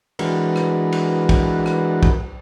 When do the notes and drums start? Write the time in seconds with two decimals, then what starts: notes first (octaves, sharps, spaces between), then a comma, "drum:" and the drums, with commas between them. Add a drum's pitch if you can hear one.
0.19 E3 G#3 D4 F#4 A#4 B4, drum: cymbal
0.56 drum: rim click
0.92 drum: cymbal
1.29 drum: kick, cymbal
1.66 drum: rim click
2.03 drum: kick